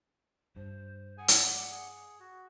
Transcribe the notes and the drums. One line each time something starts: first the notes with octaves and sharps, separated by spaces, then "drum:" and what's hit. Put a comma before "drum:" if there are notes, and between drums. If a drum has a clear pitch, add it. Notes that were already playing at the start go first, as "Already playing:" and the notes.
G2 C5
G#4 F#5 G#5
drum: hi-hat
D5
G#4
F#4